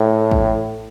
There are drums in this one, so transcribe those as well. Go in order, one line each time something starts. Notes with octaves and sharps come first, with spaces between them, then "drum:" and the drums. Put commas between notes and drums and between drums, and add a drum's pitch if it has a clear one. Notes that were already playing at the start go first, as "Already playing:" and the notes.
Already playing: A2
drum: kick